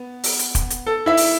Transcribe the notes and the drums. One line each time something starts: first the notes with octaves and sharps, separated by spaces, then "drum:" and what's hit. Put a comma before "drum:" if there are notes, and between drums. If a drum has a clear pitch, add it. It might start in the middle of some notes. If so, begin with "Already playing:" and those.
Already playing: B3
drum: open hi-hat
drum: hi-hat
drum: kick, hi-hat
drum: hi-hat
A4
E4 E5
drum: open hi-hat